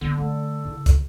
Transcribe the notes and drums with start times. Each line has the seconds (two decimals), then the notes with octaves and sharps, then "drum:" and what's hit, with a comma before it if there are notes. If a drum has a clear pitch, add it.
0.01 D3 B3
0.17 A3 A4
0.64 C#3 E4
0.86 drum: kick, hi-hat